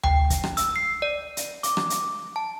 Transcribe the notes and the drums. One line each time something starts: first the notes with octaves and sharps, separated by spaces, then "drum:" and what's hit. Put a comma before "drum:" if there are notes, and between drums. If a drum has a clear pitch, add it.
G5, drum: tom D2
drum: kick, hi-hat
drum: rim click
E6, drum: hi-hat
C7
D5
drum: hi-hat
D6, drum: hi-hat
drum: rim click
drum: hi-hat
A5